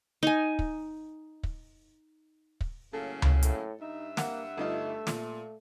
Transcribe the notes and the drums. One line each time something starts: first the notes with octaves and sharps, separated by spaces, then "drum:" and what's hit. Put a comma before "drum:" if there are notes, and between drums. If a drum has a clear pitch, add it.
D#4 G#5
drum: kick
drum: kick
drum: kick
A2 C#3 F#3 A#3 A4
drum: tom C#2
A2, drum: hi-hat
G2 D#4 E5
A#3 F#5, drum: snare
G1 A3 D#4 F4
A#2, drum: snare